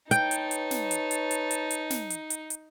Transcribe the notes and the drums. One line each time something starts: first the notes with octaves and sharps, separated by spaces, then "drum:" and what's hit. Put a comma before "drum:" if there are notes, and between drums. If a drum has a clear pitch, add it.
D#4 B4 C#5 G5 A5, drum: hi-hat
drum: hi-hat
drum: hi-hat
drum: snare
drum: hi-hat
drum: hi-hat
drum: hi-hat
drum: hi-hat
drum: hi-hat
drum: snare
drum: hi-hat
drum: hi-hat
drum: hi-hat